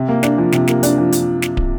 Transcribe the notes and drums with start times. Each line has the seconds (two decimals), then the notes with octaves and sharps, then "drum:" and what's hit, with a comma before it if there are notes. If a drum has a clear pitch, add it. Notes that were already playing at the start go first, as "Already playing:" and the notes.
Already playing: C3
0.08 A#3
0.23 D4, drum: snare
0.38 F3
0.52 C3, drum: snare
0.67 A#3, drum: snare
0.83 D4, drum: hi-hat
0.98 F3
1.12 drum: hi-hat
1.42 drum: snare
1.57 drum: kick